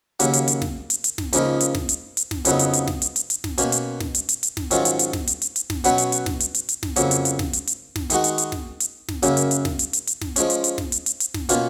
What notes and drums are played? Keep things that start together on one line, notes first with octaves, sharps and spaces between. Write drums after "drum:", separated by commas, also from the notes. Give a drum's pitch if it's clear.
D#2 C#3 F#3 A#3, drum: hi-hat
drum: hi-hat
drum: hi-hat
drum: snare
drum: hi-hat
drum: hi-hat
drum: snare
C#2 C#3 F3 A#3 D#4, drum: hi-hat
drum: hi-hat
drum: snare
drum: hi-hat
drum: hi-hat
drum: snare
F2 C#3 F#3 B3 D#4, drum: hi-hat
drum: hi-hat
drum: hi-hat
drum: snare
drum: hi-hat
drum: hi-hat
drum: hi-hat
drum: snare
B2 A#3 C#4, drum: hi-hat
drum: hi-hat
drum: snare
drum: hi-hat
drum: hi-hat
drum: hi-hat
drum: snare
G#2 D#3 F#3 C#4 F4, drum: hi-hat
drum: hi-hat
drum: hi-hat
drum: snare
drum: hi-hat
drum: hi-hat
drum: hi-hat
drum: snare
B2 F#3 C#4 F#4 B4, drum: hi-hat
drum: hi-hat
drum: hi-hat
drum: snare
drum: hi-hat
drum: hi-hat
drum: hi-hat
drum: snare
F2 C#3 F#3 A#3, drum: hi-hat
drum: hi-hat
drum: hi-hat
drum: snare
drum: hi-hat
drum: hi-hat
drum: snare
D#3 G#3 D#4 F#4, drum: hi-hat
drum: hi-hat
drum: hi-hat
drum: snare
drum: hi-hat
drum: snare
F#2 C#3 F#3 A#3, drum: hi-hat
drum: hi-hat
drum: hi-hat
drum: snare
drum: hi-hat
drum: hi-hat
drum: hi-hat
drum: snare
F3 G#3 C#4, drum: hi-hat
drum: hi-hat
drum: hi-hat
drum: snare
drum: hi-hat
drum: hi-hat
drum: hi-hat
drum: snare
B2 A#3 C#4 F4, drum: hi-hat